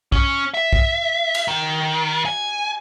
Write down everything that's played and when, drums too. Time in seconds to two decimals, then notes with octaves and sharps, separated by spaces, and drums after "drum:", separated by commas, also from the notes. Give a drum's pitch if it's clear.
0.12 C#4, drum: kick
0.54 E5
0.73 drum: kick
1.35 drum: cymbal
1.48 D#3
2.26 G#5